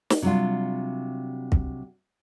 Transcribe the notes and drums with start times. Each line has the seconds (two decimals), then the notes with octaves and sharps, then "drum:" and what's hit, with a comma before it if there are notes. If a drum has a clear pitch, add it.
0.10 drum: snare
0.22 C3 F#3 G3 D4 F4
1.52 drum: kick